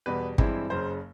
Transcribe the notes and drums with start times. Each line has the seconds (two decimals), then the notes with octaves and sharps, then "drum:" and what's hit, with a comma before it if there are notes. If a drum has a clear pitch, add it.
0.06 E2 B2 G3 B4
0.38 G2 E3 G#3 C4 E4, drum: kick
0.70 F#1 F#2 C#3 C5